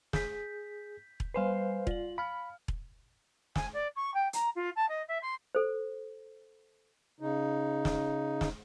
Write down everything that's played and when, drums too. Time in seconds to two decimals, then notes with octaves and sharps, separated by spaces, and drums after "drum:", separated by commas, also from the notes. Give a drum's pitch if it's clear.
0.13 G#4 G6 B6, drum: snare
1.20 drum: kick E1
1.34 G3 B4 C5 F5 G#5 C7
1.87 F4 D5 F#7, drum: kick E1
2.18 F5 B5 F6
2.68 drum: kick E1
3.56 G#5, drum: snare
3.73 D5
3.95 C#6
4.14 G5
4.33 A#5, drum: hi-hat
4.55 F4
4.75 A5
4.88 D#5
5.08 E5
5.21 C6
5.55 A4 C5
7.20 C#3 D#4
7.85 drum: snare
8.41 drum: snare